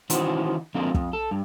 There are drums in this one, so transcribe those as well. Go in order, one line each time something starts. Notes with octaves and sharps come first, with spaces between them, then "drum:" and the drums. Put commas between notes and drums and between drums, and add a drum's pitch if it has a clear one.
D#3 E3 C#4 F#4 C5, drum: hi-hat
D3 F3 G#3 A#3 C4
F2, drum: kick
A4
G2